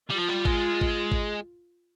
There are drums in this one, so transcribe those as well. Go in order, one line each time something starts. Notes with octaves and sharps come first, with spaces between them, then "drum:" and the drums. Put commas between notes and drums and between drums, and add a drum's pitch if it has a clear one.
G3 F4
F3
G3
G#3, drum: kick G#1
drum: kick G#1
drum: kick G#1